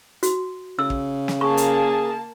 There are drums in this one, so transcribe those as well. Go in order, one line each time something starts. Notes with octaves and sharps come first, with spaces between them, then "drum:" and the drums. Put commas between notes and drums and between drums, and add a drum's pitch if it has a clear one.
F#4, drum: hi-hat
C#3 E6
drum: kick
drum: snare
A#3 G#4 A5 C#6
drum: hi-hat